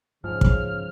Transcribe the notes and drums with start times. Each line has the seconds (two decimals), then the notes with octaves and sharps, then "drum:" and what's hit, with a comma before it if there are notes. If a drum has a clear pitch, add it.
0.24 G#2 C#3 F3 F6
0.41 drum: kick